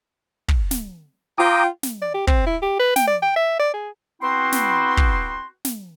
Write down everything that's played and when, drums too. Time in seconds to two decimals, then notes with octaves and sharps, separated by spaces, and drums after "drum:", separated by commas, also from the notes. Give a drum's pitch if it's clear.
0.48 drum: kick
0.71 drum: snare
1.38 F4 G5 A#5 D6 D#6
1.83 drum: snare
2.02 D5
2.14 G4
2.27 C4, drum: kick
2.46 E4
2.62 G4
2.79 B4
2.96 G5, drum: snare
3.07 D5
3.22 G5
3.36 E5
3.59 D5
3.74 G#4
4.22 B3 C4 E4 F#4 G5 C6
4.52 drum: snare
4.97 drum: kick
5.65 drum: snare